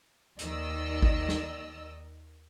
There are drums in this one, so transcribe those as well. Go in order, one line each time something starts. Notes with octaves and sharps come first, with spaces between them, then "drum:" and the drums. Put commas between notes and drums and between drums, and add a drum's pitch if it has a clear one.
D#2 D#3 D5 D#5 E6, drum: hi-hat
drum: kick G#1
drum: snare